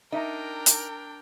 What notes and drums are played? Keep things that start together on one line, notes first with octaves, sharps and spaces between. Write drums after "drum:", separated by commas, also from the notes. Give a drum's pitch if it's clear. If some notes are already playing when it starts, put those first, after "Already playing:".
D4 D#4 A#4 D#5 E5 G5 A#5
drum: hi-hat